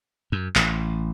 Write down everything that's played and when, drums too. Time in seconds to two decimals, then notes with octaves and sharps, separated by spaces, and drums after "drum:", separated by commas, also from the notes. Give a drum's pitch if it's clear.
0.32 F#2
0.55 A1, drum: clap